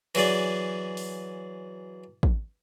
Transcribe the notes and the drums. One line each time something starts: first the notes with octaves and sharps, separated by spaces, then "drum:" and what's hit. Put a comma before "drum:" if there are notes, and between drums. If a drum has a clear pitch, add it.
E3 F#3 G#4 D5, drum: cymbal
drum: open hi-hat
drum: kick